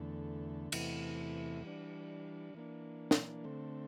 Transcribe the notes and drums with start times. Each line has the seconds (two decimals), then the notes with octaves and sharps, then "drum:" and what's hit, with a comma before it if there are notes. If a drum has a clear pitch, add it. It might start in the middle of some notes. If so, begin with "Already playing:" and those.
Already playing: E2 D3 A3
0.72 E2 C3 E3 A3 E4, drum: cymbal
1.63 E3 G3 D4
2.54 E3 A#3 D4
3.11 drum: snare
3.44 D3 A3 C4